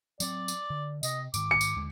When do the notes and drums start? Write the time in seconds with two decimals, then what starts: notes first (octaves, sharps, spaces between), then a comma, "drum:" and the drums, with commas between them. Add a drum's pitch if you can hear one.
0.20 F#3 C4 D5, drum: tambourine
0.48 drum: tambourine
0.70 D3
1.03 C3 D#5, drum: tambourine
1.34 G#2 D#3 D6, drum: tambourine
1.51 C#7
1.61 drum: tambourine
1.76 D#2 D3 G#3